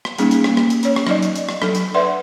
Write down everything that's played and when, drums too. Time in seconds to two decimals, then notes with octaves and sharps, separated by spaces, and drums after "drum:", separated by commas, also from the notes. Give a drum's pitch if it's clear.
0.05 drum: rim click
0.18 G3 A#3 C#4 D#4 G#4, drum: hi-hat
0.31 drum: hi-hat
0.44 A#3, drum: rim click
0.57 drum: rim click
0.70 drum: hi-hat
0.83 C#4 C#5, drum: hi-hat
0.96 drum: rim click
1.07 F#3 D#4 D5 D#5, drum: rim click
1.22 drum: hi-hat
1.36 drum: hi-hat
1.49 drum: rim click
1.62 F#3 D4 A4, drum: rim click
1.75 drum: hi-hat
1.94 B4 D5 E5 F#5 C6